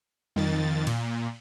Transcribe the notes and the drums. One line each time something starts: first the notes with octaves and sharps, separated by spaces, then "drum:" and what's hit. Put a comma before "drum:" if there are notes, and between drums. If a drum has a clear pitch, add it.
F2 D#3 A6, drum: tom F#3
A#2, drum: cymbal